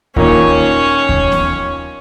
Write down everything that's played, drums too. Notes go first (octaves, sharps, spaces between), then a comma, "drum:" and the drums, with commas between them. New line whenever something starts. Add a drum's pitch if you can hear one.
A#2 D#3 C#4 C#5, drum: kick D#2
drum: kick D#2
drum: snare B3